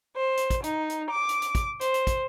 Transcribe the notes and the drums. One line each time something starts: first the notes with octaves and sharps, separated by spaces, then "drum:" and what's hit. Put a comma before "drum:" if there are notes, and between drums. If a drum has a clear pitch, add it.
C5
drum: hi-hat
drum: kick, hi-hat
D#4, drum: hi-hat
drum: hi-hat
D6
drum: hi-hat
drum: hi-hat
drum: kick, hi-hat
C5, drum: hi-hat
drum: hi-hat
drum: kick, hi-hat